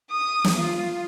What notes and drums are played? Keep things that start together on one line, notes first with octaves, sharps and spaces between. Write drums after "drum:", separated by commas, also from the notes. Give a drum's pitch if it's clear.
D#6
drum: snare
F4